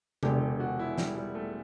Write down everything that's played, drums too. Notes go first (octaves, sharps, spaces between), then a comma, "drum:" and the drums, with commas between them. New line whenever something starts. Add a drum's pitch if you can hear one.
E1 E2 D3 G4, drum: tom C3
G4
F#4
E4
G3, drum: snare
G3
A3